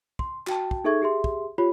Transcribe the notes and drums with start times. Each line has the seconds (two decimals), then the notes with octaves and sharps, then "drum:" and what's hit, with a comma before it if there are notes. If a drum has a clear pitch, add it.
0.19 C6, drum: kick
0.47 F#4 G5 A5, drum: clap
0.71 drum: kick
0.84 D#4 G#4 A4 E5 C#6 G#6
1.02 G4 G#4 E5 C6
1.24 drum: kick
1.58 F4 G4 C#5 B5